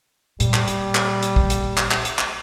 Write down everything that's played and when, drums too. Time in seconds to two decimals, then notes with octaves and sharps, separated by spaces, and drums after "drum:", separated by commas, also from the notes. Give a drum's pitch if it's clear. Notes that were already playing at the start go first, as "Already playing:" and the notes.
0.40 A#2 G3, drum: hi-hat
0.54 drum: clap
0.68 drum: hi-hat
0.95 drum: clap
1.23 drum: hi-hat
1.36 drum: kick
1.50 drum: hi-hat
1.78 drum: clap
1.91 drum: clap
2.05 drum: hi-hat
2.19 drum: clap